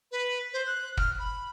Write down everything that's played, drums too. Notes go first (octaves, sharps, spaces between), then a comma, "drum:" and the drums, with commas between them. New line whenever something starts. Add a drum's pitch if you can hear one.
B4
C5
F#6
F6, drum: kick
B5